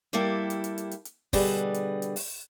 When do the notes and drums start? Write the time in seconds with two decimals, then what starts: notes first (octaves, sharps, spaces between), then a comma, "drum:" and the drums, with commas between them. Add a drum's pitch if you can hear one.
0.13 G3 A#3 E4 G4 A4
0.50 drum: hi-hat
0.64 drum: hi-hat
0.78 drum: hi-hat
0.91 drum: hi-hat
1.05 drum: hi-hat
1.33 B2 D3 G3 G#4 B4, drum: kick, open hi-hat
1.74 drum: hi-hat
2.02 drum: hi-hat
2.16 drum: open hi-hat